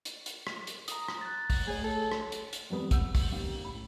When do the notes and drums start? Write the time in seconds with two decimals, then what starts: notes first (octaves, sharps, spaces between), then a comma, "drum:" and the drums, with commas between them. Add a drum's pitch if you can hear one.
0.05 drum: hi-hat
0.26 drum: hi-hat
0.47 drum: rim click
0.67 drum: hi-hat
0.88 A#5 D#6, drum: hi-hat
1.08 drum: rim click
1.21 F#6 A6
1.50 drum: kick, open hi-hat
1.67 A3 G#4 C#5
1.84 A4
2.12 drum: rim click
2.32 drum: hi-hat
2.53 drum: hi-hat
2.70 E2 G3 B3 C4 B4 D#6
2.91 F#5 E6 G6, drum: kick, hi-hat
3.15 drum: kick, open hi-hat
3.32 D#2 C#3
3.64 A2 B5